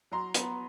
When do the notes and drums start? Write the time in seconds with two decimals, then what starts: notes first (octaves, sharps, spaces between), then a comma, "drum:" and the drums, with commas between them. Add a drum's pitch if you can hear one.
0.11 F#3 A#5 C6
0.34 B3, drum: hi-hat